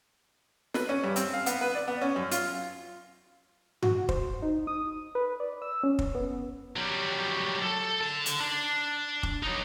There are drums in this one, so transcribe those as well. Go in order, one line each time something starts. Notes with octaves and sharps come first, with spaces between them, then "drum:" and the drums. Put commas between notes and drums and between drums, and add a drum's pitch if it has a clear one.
B4, drum: snare
C#4
G2
C4, drum: hi-hat
F5
B3, drum: hi-hat
B4
D5
B3
C#4
F#2
F4, drum: hi-hat
F#4, drum: tom G2
C5, drum: kick
D#4
D#6
B4
D5
E6
C#4
drum: kick
B3
F#3 G3
A4
D3 A5
drum: hi-hat
D4
drum: kick
F#3 D#4